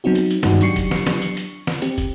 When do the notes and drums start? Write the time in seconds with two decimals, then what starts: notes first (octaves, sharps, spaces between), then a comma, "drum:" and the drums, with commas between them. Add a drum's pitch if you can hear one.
0.04 F#3 B3 C4 D#4 F#4
0.15 drum: hi-hat
0.31 drum: hi-hat
0.43 G2 D#3 G#3 D#4 F#4 F#5, drum: snare
0.61 F#3 D4 G4 C#6 C7 C#7, drum: hi-hat
0.76 drum: kick, hi-hat
0.91 drum: snare
1.07 drum: snare
1.22 drum: hi-hat
1.37 drum: hi-hat
1.67 drum: snare
1.82 C4 G4, drum: hi-hat
1.98 drum: kick, hi-hat